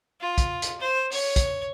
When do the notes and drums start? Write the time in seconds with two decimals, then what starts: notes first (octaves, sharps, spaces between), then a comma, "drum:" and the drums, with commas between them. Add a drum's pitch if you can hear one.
0.21 F4
0.38 drum: kick, hi-hat
0.62 drum: hi-hat
0.80 C5
1.12 C#5, drum: open hi-hat
1.36 drum: kick, hi-hat